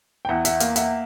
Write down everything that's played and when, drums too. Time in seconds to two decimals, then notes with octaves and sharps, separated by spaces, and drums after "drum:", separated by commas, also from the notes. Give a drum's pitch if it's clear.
0.25 G5
0.29 E2 E5 F#5
0.45 E5 F#5, drum: hi-hat
0.60 A#3, drum: hi-hat
0.76 E5 F#5, drum: hi-hat